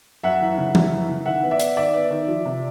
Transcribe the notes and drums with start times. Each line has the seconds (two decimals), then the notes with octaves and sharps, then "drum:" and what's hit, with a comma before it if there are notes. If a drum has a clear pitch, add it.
0.23 F#2 E5 F#5
0.41 E3
0.58 C#3
0.75 F#2, drum: tom E3
0.91 E3
1.09 C#3
1.26 D#3 E5 F#5
1.43 B3
1.51 D5 E5
1.60 B3, drum: hi-hat
1.77 D#3 D5 E5
1.94 B3
2.10 D#3
2.28 F3
2.45 C3